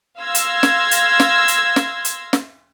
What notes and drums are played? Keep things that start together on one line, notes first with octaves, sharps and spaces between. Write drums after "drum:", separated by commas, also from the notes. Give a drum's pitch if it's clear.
F5 C6 E6 G#6 A#6
drum: hi-hat
drum: snare
drum: hi-hat
drum: snare
drum: hi-hat
drum: snare
drum: hi-hat
drum: snare